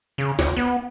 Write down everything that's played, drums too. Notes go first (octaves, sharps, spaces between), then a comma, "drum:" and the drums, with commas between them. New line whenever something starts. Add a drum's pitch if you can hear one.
C#3
D2, drum: snare
B3